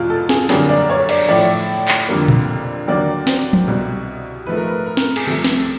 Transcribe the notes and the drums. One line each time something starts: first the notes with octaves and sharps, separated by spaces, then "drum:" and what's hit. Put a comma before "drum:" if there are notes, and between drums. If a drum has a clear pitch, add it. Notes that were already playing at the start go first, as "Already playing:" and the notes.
Already playing: E2 B2 G#3 F4
A4
G#4, drum: snare
F#2 D3 G3 A#3 G#4, drum: snare
D5
C#5
D5, drum: cymbal
A2 F3 A3 D5
drum: clap
F2 D3 G3 A#3
drum: tom A#2
D#2 D3 F#3 A#3 D5
C5, drum: snare
drum: tom
C2 B2 G3
G#2 F3 A3 B4
A#4
B4
A#4
drum: snare
G#4, drum: cymbal
C2 C3 F3 A3 A4
drum: snare